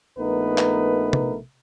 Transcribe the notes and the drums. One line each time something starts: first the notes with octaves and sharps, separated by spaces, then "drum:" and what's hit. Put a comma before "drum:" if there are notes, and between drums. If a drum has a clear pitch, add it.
A#1 A3 B3 D#4 A#4 B4
drum: clap
drum: tom C3